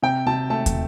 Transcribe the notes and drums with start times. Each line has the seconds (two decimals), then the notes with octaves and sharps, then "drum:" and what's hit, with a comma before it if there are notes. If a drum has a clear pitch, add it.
0.02 C3 G5
0.26 C3 A5
0.50 A3 A5
0.66 drum: kick, hi-hat